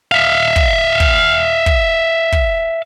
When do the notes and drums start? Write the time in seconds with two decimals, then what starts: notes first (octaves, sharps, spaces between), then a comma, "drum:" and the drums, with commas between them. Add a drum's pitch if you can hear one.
0.12 E5 F5
0.56 drum: kick
1.00 drum: kick
1.66 drum: kick
2.32 drum: kick